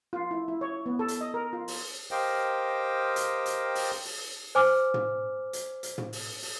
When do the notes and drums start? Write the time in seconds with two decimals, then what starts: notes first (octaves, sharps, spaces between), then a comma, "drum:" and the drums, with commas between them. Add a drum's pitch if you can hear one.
0.13 F4
0.31 E4
0.48 E4
0.61 C#5
0.86 B3
0.99 A4
1.08 drum: hi-hat
1.21 D#5
1.34 A#4
1.53 F4
1.68 drum: open hi-hat
2.11 G4 A#4 C5 D#5 F5 G5
3.16 drum: hi-hat
3.46 drum: hi-hat
3.75 drum: open hi-hat
4.05 drum: open hi-hat
4.55 C5 G#5 D6 F6
4.94 drum: tom
5.53 drum: hi-hat
5.83 drum: hi-hat
5.98 drum: tom
6.13 drum: open hi-hat
6.42 drum: open hi-hat